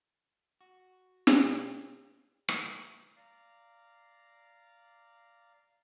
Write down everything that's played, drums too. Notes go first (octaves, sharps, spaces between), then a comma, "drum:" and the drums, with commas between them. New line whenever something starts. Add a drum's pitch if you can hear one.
F#4
B2 C#5, drum: snare
drum: rim click
D5 F5 A#5